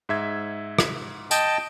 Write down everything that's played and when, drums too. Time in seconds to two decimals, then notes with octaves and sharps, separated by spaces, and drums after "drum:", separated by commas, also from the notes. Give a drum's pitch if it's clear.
0.09 G#2 E5 G#6
0.79 drum: rim click
1.31 D#5 G5 A5, drum: tambourine